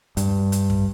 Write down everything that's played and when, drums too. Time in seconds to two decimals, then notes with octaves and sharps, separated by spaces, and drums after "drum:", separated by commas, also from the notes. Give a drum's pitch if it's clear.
0.17 G2, drum: hi-hat
0.52 drum: hi-hat
0.70 drum: kick